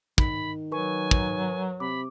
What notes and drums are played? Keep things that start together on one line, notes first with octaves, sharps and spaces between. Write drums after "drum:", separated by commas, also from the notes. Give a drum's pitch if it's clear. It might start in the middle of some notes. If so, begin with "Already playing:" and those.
D#3 B5, drum: kick
F#3 A#4 B4 G#5 C#6
drum: kick
C3 B5 D6